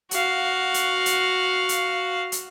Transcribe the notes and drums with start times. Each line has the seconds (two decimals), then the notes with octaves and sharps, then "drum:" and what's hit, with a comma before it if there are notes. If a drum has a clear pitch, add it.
0.11 F#4 F5, drum: hi-hat
0.74 drum: hi-hat
1.06 drum: hi-hat
1.69 drum: hi-hat
2.32 drum: hi-hat